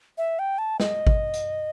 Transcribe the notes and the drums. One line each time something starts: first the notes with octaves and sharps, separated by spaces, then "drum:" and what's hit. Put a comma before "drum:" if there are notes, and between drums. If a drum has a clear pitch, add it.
E5
G5
A5
D#5, drum: snare
drum: kick G#1
drum: hi-hat